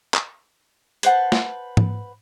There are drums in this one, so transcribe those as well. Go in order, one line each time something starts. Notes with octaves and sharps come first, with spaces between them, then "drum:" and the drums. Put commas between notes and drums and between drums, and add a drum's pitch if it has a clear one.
drum: clap
B4 C5 F#5 A5, drum: hi-hat
drum: snare
drum: tom G#2